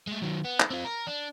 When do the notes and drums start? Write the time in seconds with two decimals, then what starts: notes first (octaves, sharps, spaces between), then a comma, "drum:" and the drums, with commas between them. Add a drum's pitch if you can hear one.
0.07 G#3 A3
0.22 D#3 F#3
0.45 B3
0.60 drum: clap
0.70 C4 F4
0.85 A#4
1.07 D4